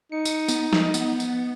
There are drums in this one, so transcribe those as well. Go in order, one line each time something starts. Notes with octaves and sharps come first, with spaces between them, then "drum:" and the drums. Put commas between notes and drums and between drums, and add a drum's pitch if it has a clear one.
D#4 C#7
drum: tambourine
B3, drum: tambourine
F3, drum: snare
B3, drum: tambourine
drum: tambourine